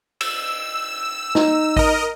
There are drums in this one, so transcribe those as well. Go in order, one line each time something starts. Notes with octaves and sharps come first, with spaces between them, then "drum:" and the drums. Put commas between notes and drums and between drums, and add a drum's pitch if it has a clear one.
E6, drum: cymbal
D#4, drum: snare
A#4 D#5, drum: kick A1